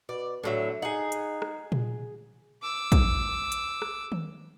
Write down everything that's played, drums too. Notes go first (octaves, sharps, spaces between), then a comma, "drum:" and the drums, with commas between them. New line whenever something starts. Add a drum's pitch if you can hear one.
B2 D5
A2 D3 F#3 E5
D#4 G#4 F#5
drum: hi-hat
drum: rim click
drum: tom A#2
D6 E6
drum: kick, hi-hat
drum: hi-hat
drum: rim click
drum: tom D#3